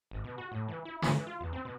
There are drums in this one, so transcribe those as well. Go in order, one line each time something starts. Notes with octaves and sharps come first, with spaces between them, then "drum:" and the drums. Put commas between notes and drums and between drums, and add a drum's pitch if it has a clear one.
G#1
B2
F#4
A2
E3
E4
C#3, drum: snare
E3
F4
E2
C4
B2